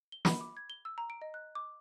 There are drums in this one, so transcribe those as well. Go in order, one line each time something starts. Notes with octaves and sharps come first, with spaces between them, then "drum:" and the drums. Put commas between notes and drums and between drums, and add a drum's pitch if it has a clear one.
G7
B5, drum: snare
D6
G#6
G7
E6
A#5
D7
D#5
F#6
D6